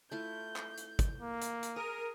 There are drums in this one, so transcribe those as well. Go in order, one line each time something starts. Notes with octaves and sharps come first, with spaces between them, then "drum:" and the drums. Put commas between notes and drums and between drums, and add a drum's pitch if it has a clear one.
A3 E4 F4 G6
drum: clap
drum: hi-hat
drum: kick, hi-hat
A#3
drum: hi-hat
drum: hi-hat
G#4 A#4 D#6